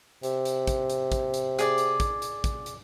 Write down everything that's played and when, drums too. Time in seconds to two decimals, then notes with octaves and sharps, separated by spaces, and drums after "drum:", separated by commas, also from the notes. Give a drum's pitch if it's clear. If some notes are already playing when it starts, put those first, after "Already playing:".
0.23 C3, drum: hi-hat
0.45 drum: hi-hat
0.67 drum: kick, hi-hat
0.90 drum: hi-hat
1.12 drum: kick, hi-hat
1.34 drum: hi-hat
1.59 G#4 D5, drum: hi-hat
1.78 drum: hi-hat
2.00 drum: kick, hi-hat
2.22 drum: hi-hat
2.44 drum: kick, hi-hat
2.66 drum: hi-hat